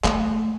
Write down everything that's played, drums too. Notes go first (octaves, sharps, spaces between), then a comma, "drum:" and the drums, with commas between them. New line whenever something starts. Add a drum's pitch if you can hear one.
A3, drum: clap